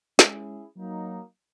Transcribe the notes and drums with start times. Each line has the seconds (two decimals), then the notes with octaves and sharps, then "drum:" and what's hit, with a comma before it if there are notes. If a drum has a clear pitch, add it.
0.19 G#3 C#4 E4 G#4, drum: snare
0.76 F#3 A#3 D#4